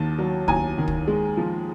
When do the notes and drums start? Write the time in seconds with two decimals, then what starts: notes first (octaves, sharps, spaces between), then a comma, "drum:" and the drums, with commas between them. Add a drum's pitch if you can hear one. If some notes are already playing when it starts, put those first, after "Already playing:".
Already playing: D#2 D#3 A5
0.18 F#3
0.48 D#2 G#5 A#5, drum: kick
0.78 D#3
0.88 drum: kick
1.07 G#3
1.37 F3